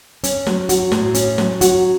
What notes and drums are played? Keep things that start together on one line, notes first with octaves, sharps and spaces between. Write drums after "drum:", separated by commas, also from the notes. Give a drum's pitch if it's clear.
C#4, drum: hi-hat
F#3, drum: snare
F#4, drum: hi-hat
A2, drum: snare
C#4, drum: hi-hat
F#3, drum: snare
F#4, drum: hi-hat